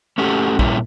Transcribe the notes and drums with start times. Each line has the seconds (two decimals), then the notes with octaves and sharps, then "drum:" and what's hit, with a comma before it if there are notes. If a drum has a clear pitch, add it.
0.18 A3 C#4 F#4 G4 A4
0.59 A#2 G3 C#4 E4, drum: kick A#1